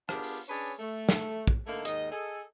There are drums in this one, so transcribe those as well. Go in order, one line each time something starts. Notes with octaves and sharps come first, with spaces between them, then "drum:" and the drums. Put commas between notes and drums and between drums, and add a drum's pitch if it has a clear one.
B3 D4 F4 G4 G#4 A#4, drum: rim click
drum: open hi-hat
C#4 D4 G#4 B4 C#5 D5
A3
drum: snare
drum: kick
D3 A3 A#3 D#4 E4
D#2 G#2 D#3 D#5, drum: hi-hat
G#4 A4 D#5